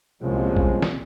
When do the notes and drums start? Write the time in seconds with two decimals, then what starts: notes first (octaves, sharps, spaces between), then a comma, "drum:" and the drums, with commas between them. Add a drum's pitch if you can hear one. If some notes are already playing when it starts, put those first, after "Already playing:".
0.22 C2 A#2 C#3 F3 G#3
0.57 drum: kick
0.82 drum: snare